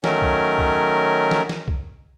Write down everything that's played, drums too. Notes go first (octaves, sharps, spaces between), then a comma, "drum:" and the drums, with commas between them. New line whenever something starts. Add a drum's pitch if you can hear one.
D#3 F#3 A3 C#4 A#4, drum: snare
drum: kick
drum: kick
drum: snare
drum: snare
drum: kick